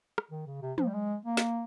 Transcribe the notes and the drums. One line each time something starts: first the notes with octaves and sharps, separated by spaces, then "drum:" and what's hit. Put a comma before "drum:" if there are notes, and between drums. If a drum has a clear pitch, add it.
drum: rim click
D#3
C#3
C3
F3, drum: tom
G3
G#3
A#3
drum: snare